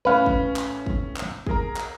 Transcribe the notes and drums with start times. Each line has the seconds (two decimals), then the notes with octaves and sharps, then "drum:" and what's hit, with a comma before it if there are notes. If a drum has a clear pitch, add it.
0.05 A2 C#4 B4 F5
0.26 drum: kick
0.56 drum: clap
0.86 drum: kick
1.17 drum: clap
1.47 G#4 A#4 A#5, drum: kick
1.77 drum: clap